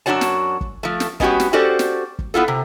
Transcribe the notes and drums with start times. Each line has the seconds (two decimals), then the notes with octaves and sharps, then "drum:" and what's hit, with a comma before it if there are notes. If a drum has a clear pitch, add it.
0.06 F#2 C3 D4 F#4 C#5 A5
0.21 drum: snare
0.61 drum: kick G1
0.83 F3 A3
1.00 drum: snare
1.20 G#3 B3 C#4 E4 F#4 G4, drum: kick G1
1.40 drum: snare
1.53 C#4 F#4 G4 A4 C5 D5
1.79 drum: snare
2.19 drum: kick G1
2.34 B3 E4 F4 A4
2.48 C3